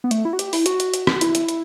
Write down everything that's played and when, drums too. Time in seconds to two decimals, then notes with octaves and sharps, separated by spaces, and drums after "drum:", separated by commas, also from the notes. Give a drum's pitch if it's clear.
0.04 B3
0.11 A3, drum: hi-hat
0.25 E4
0.33 F#4
0.39 G4, drum: hi-hat
0.53 E4, drum: open hi-hat
0.66 F#4, drum: hi-hat
0.80 drum: hi-hat
0.94 drum: hi-hat
1.07 drum: rim click
1.21 E4, drum: hi-hat
1.35 drum: hi-hat
1.48 drum: hi-hat